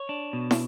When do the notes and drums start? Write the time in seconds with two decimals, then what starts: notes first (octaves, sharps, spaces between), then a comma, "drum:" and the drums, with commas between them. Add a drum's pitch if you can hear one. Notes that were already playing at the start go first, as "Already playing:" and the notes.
Already playing: C#5
0.09 D4
0.33 B2
0.51 drum: snare